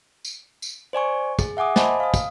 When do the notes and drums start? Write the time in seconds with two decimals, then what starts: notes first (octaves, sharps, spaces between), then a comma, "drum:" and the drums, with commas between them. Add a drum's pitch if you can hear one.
0.25 drum: tambourine
0.62 drum: tambourine
0.93 C5 D5 G#5 C#6
1.39 G#4, drum: kick, tambourine
1.57 E5 F#5 G#5 D6 D#6
1.76 C5 D#5 G#5 A5 B5, drum: snare
2.00 F5 D#6
2.14 drum: kick, tambourine